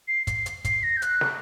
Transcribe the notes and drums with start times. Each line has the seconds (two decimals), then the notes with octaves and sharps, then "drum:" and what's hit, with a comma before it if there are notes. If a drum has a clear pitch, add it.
0.08 C7
0.27 C7, drum: kick, hi-hat
0.46 drum: hi-hat
0.65 C7, drum: kick, hi-hat
0.83 A#6
0.97 G6
1.02 F#6, drum: hi-hat
1.21 drum: snare